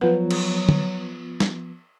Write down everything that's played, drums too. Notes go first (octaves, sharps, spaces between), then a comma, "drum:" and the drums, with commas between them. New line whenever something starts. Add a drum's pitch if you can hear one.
F3 F#3 B3 B4
drum: cymbal
drum: tom D3
drum: snare